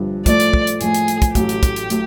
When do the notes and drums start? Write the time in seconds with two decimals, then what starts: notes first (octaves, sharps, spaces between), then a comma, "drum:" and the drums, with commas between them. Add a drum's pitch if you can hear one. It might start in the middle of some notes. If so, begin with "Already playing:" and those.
Already playing: G1 G2 D3 F3
0.26 A2 F3 A3 D5, drum: kick, hi-hat
0.40 drum: hi-hat
0.53 drum: kick
0.67 drum: hi-hat
0.81 A2 F3 A3 G#4, drum: hi-hat
0.94 drum: hi-hat
1.08 drum: hi-hat
1.22 drum: kick, hi-hat
1.35 A1 A2 F#3 A3 G4, drum: kick, hi-hat
1.49 drum: hi-hat
1.63 drum: kick, hi-hat
1.76 drum: hi-hat
1.90 A2 F#3 A3, drum: hi-hat